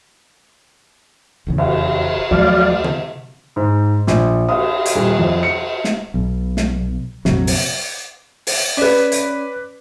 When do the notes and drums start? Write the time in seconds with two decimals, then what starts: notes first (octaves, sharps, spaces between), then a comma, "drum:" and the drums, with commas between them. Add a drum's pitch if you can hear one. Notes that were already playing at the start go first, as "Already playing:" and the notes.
1.47 F1 E2 C#3
1.58 drum: cymbal
2.31 D#2 F3 F#3 A3 D5 F5
2.84 drum: tom
3.56 G#2
4.07 A#1, drum: snare
4.49 D#6, drum: cymbal
4.86 drum: hi-hat
4.95 D#1
5.19 F2
5.43 C#7
5.84 drum: snare
6.14 B1
6.57 drum: snare
7.25 A#1 F2 C3 F#3, drum: snare
7.47 drum: open hi-hat
8.47 drum: open hi-hat
8.77 C#4 B4 D5 D6 B6
9.12 drum: hi-hat